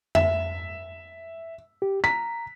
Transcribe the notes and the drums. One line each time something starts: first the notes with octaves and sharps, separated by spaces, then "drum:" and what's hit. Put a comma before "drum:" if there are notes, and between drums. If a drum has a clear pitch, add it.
E5, drum: tom F2
G4
A#5 B6